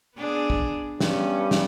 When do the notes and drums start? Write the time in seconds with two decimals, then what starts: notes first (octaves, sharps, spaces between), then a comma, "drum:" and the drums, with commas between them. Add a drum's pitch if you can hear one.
0.16 B3 D4 G#4
0.50 drum: kick
1.01 G2 B3 C#4, drum: snare
1.51 drum: snare